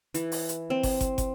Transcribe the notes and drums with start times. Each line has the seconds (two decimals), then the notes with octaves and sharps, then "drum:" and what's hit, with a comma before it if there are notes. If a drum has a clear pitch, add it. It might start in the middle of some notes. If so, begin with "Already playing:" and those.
0.14 E3, drum: hi-hat
0.32 drum: open hi-hat
0.49 drum: hi-hat
0.70 C4
0.83 drum: kick, open hi-hat
1.01 drum: kick, hi-hat
1.18 drum: kick, hi-hat